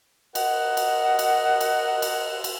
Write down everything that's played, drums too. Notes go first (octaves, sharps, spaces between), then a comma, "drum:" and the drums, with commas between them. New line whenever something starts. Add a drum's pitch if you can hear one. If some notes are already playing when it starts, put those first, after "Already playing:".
A#4 D#5 F#5, drum: cymbal
drum: cymbal
drum: cymbal
drum: cymbal
drum: cymbal
drum: cymbal